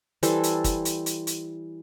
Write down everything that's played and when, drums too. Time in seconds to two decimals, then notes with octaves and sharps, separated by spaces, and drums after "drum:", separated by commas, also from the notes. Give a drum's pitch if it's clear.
0.23 E3 G3 A4 C5, drum: hi-hat
0.43 drum: hi-hat
0.64 drum: kick, hi-hat
0.85 drum: hi-hat
1.06 drum: hi-hat
1.27 drum: hi-hat